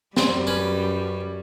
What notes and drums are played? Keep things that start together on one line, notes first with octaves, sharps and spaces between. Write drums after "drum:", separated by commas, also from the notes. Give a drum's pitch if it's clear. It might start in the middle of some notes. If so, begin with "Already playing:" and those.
F#2 G3 C4, drum: snare
C#4 B4